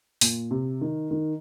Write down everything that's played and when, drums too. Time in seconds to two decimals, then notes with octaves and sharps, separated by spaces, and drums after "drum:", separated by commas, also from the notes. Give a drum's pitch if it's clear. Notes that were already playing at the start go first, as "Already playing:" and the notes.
0.21 A#2, drum: open hi-hat
0.51 C3
0.81 D#3
1.11 D#3